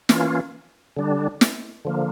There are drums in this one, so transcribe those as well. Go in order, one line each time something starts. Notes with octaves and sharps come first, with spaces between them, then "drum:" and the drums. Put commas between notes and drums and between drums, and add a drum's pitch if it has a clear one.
E3 A#3 C#4 F4, drum: snare
D3 G3 D4
drum: snare
D3 F3 A#3